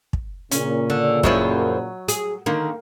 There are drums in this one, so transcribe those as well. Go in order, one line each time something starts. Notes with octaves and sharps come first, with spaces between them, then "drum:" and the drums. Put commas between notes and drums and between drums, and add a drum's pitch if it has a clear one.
drum: kick
A#2 C#3 C#4, drum: hi-hat
D3
F#2 F3 F#3 E4 C#5 D#5, drum: kick
G#4, drum: hi-hat
D3 D#3 A#3